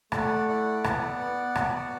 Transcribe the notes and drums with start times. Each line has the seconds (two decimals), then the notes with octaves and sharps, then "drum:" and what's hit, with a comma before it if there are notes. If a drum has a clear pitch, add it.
0.12 A3 D5 F#5, drum: rim click
0.48 E4 D5 F#5
0.84 B3, drum: rim click
1.19 B3
1.55 F#4, drum: rim click